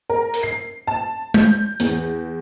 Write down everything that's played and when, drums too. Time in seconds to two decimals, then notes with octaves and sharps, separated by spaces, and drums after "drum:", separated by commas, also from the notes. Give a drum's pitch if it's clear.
0.10 A#4
0.34 drum: hi-hat
0.43 C7
0.87 A5
1.34 G6, drum: tom
1.80 E2, drum: hi-hat